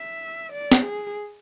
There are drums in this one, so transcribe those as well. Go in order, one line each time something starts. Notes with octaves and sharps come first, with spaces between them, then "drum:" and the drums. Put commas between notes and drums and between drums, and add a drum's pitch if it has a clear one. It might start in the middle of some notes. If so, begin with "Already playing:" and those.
Already playing: E5
D5
drum: snare
G#4